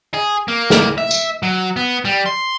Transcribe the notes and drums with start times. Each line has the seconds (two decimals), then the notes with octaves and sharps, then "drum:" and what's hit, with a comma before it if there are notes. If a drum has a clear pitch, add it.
0.14 G#4
0.48 A#3
0.70 drum: snare
0.98 E5
1.11 drum: tambourine
1.43 F#3
1.77 B3
2.05 G3
2.26 C6